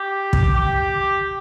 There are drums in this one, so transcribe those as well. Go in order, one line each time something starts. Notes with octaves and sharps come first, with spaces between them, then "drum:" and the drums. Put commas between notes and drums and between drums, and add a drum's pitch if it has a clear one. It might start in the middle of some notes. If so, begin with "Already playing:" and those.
Already playing: G4
drum: kick
G4